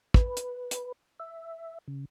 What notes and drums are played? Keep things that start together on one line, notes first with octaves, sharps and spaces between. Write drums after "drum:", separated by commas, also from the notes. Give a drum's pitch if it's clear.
B4, drum: kick
drum: hi-hat
drum: hi-hat
E5
C#3